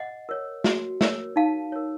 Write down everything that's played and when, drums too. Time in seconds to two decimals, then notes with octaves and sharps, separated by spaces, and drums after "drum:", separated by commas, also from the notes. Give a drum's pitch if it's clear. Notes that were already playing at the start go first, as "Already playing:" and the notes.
Already playing: D#5 F#5
0.29 A#4 C#5
0.64 F#4, drum: snare
1.01 A#4 C#5, drum: snare
1.36 D#4 F5 A5
1.72 A#4 C#5